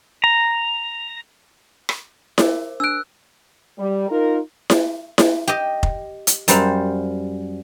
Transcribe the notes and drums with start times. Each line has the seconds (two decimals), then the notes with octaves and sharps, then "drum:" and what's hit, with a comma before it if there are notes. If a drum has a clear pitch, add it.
0.24 A#5
1.89 drum: rim click
2.38 A#4 C5 D6, drum: snare E4
2.80 D4 E6 F#6 D7
3.78 G3
4.08 D#4 F4 A#4
4.70 drum: snare E4
5.18 drum: snare E4
5.48 G4 D#5
5.83 drum: kick F1
6.27 drum: hi-hat
6.48 F#2 G3 C5 F5, drum: hi-hat